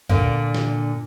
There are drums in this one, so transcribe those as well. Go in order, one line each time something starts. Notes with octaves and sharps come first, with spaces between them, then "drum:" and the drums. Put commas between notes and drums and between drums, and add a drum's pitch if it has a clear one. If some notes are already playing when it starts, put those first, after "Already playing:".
A#2 D3, drum: kick
drum: snare